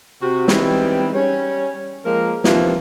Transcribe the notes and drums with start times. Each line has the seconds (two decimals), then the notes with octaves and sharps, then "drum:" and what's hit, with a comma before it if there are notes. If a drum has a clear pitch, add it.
0.22 C3 F#4
0.48 E3 G3 G#3 B3 C4 D#4, drum: snare
1.14 G3 C#4 C#5
2.05 F3 G#3 A#3 A#4
2.44 D#2 C3 E3 F3, drum: snare